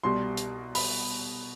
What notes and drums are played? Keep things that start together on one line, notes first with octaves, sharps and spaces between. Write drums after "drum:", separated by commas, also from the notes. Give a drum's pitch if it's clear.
C2 B2 G3 C6
drum: hi-hat
B5, drum: open hi-hat